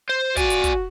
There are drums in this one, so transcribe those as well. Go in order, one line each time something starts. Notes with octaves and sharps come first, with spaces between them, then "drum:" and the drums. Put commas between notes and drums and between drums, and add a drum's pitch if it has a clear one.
C5
F#4 D5 G#5, drum: kick, hi-hat
drum: hi-hat
drum: kick, hi-hat